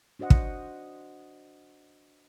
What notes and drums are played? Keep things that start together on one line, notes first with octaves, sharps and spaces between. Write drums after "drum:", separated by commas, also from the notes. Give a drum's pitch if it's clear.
D4 F#4 C5 D#5 F#5
drum: kick